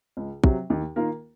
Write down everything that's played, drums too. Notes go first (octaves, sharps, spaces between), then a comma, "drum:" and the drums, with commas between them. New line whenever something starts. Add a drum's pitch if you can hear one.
C#2
C3 F#3, drum: kick
D#2
D#3 A#3 F4 A#4